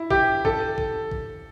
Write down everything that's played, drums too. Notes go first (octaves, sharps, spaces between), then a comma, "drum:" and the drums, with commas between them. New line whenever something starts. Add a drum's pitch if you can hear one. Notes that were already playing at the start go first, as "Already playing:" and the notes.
Already playing: E4
G4, drum: kick
A4, drum: kick
drum: kick
drum: kick